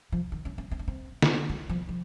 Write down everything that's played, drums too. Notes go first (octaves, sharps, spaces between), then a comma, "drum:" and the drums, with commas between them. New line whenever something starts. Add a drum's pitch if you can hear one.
F3
D#3
C#4
C#4
C4
C#4
C4
drum: snare
G#3
F3
F3